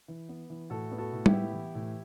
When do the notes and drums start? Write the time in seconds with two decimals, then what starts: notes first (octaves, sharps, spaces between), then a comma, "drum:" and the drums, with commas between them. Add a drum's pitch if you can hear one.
0.08 E3
0.29 B3
0.50 E3
0.70 A2 F#4 A4
0.91 B3
0.98 F#4 A4
1.13 A2
1.26 E4 G4, drum: tom G3
1.32 B3
1.53 E3
1.75 A2